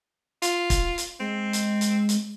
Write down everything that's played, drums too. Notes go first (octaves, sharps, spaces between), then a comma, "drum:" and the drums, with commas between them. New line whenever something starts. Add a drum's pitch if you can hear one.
F4, drum: hi-hat
drum: kick, hi-hat
drum: hi-hat
G#3 C4
drum: hi-hat
drum: hi-hat
drum: hi-hat